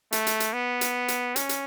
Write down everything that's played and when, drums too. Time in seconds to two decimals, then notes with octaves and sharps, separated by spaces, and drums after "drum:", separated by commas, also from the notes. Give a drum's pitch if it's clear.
0.12 A3, drum: hi-hat
0.27 drum: hi-hat
0.40 drum: hi-hat
0.53 B3
0.81 drum: hi-hat
1.08 drum: hi-hat
1.36 C#4, drum: hi-hat
1.49 drum: hi-hat